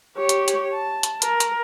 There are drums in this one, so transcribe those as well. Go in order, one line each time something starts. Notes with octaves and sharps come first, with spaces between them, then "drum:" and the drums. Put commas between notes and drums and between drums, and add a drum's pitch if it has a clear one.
G4 C#5
drum: hi-hat
drum: hi-hat
A5
drum: hi-hat
A#4, drum: hi-hat
drum: hi-hat